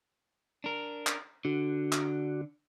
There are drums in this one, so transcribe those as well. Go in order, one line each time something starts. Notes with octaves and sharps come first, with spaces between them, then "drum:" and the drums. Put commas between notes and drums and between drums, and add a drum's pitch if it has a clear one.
D4 A#4
drum: clap
D3 D4 F#4
drum: clap